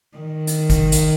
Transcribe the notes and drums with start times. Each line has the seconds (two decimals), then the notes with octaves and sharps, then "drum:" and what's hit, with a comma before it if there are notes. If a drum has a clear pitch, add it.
0.17 D#3
0.47 drum: hi-hat
0.70 drum: kick, hi-hat
0.92 drum: hi-hat